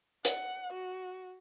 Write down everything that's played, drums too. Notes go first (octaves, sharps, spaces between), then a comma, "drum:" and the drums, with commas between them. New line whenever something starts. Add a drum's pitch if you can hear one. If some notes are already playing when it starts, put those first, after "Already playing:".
F#5, drum: hi-hat
F#4